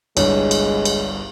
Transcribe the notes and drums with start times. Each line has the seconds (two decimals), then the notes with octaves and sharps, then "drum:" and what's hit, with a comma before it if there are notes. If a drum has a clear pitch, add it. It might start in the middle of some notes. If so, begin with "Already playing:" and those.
0.17 G1 C2 G2 G#3 C#5, drum: cymbal
0.51 drum: cymbal
0.85 drum: cymbal